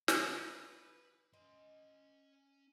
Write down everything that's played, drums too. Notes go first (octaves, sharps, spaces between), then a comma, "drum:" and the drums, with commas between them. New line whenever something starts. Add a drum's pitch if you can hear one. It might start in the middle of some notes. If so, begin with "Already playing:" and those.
D3 B4, drum: snare
C#4 D#5 C6